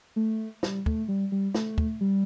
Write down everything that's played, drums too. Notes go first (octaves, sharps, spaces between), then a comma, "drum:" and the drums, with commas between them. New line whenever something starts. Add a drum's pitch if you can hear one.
A3
G3, drum: snare
A3, drum: kick
G3
G3
A3, drum: snare
drum: kick
G3